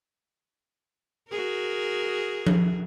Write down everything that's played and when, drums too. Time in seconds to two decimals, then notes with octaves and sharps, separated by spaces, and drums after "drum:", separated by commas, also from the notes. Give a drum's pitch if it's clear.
1.29 F#4 G#4 A#4
2.47 drum: tom F3